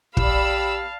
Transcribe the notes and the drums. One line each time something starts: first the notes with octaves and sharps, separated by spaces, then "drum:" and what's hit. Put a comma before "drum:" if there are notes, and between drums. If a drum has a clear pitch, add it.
A#1 G4 D5 F5 A5 B5 E6, drum: kick